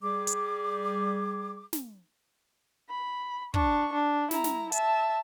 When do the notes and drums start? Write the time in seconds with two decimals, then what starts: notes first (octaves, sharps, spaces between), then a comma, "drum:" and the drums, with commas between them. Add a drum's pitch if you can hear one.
0.02 G3 G#4 D6
0.27 drum: hi-hat
1.73 drum: snare
2.89 B5
3.54 D4 C#6, drum: kick
3.93 D4
4.31 E4 A#5, drum: snare
4.44 drum: snare
4.72 E5 A5, drum: hi-hat